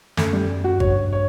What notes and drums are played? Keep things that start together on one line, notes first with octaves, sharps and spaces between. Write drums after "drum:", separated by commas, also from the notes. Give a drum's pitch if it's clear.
F#2 A3, drum: snare
G3
F#4
G2 C#5, drum: kick G#1
C#5